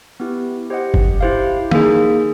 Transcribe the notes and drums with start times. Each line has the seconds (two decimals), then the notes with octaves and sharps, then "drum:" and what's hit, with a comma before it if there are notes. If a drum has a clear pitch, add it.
0.20 B3 E4 G4
0.70 G4 C5 D#5 F#5
0.94 drum: kick F#1
1.21 E4 G4 C5 F5
1.71 A#3 D#4 G#4, drum: tom